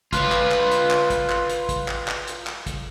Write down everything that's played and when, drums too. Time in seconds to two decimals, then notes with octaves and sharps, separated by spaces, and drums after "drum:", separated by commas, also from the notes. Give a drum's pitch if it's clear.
0.12 F4 B4, drum: kick, hi-hat
0.32 drum: clap
0.52 drum: clap
0.71 drum: hi-hat
0.91 drum: clap
1.10 drum: kick, hi-hat
1.30 drum: clap
1.49 drum: hi-hat
1.69 drum: kick, hi-hat
1.88 drum: clap
2.08 drum: clap
2.27 drum: hi-hat
2.47 drum: clap
2.66 drum: kick, hi-hat